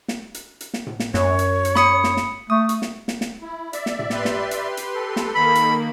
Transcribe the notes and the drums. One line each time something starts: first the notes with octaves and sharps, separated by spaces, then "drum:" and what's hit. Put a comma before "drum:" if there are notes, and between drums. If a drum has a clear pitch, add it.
drum: snare
drum: hi-hat
drum: hi-hat
drum: snare
drum: tom A2
drum: snare
F#2 C#5, drum: snare
drum: hi-hat
drum: hi-hat
B5 D#6 C#7, drum: snare
drum: snare
drum: snare
A3 D#6
drum: hi-hat
drum: snare
drum: snare
drum: snare
E4
D5 E5, drum: hi-hat
drum: snare
drum: tom A2
G4 B4 C6, drum: snare
drum: snare
drum: hi-hat
drum: hi-hat
A4
drum: snare
D#3 A#3 B5
drum: hi-hat